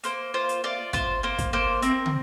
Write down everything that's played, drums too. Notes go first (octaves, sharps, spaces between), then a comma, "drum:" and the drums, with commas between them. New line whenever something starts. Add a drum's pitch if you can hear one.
A#3 C5, drum: hi-hat
F4 C5
drum: hi-hat
F4 D5
F4 C5, drum: kick, hi-hat
A#3 C5
drum: kick, hi-hat
A#3 C5
C4 A#4, drum: hi-hat
drum: tom